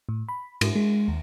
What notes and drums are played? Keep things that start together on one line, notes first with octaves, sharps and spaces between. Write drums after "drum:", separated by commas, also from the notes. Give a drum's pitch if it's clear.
A2
B5
G#2, drum: cymbal
G#3
D#2